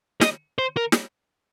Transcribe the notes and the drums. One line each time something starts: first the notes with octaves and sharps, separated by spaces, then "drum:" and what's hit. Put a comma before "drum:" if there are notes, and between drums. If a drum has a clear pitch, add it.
D#5, drum: snare
C5
A#4
drum: snare